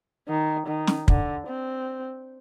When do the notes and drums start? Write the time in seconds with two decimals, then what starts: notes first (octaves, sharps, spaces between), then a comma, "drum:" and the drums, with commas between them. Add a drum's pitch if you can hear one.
0.28 D#3
0.67 D#3
0.87 drum: snare
1.08 D3, drum: kick
1.47 C4